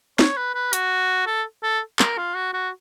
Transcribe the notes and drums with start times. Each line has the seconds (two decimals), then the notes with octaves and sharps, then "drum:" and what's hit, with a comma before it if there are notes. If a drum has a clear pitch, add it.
0.19 C#5, drum: snare
0.37 B4
0.54 B4
0.73 F#4, drum: hi-hat
1.26 A4
1.63 A4
1.99 A#4, drum: clap
2.17 F4
2.35 F#4
2.53 F#4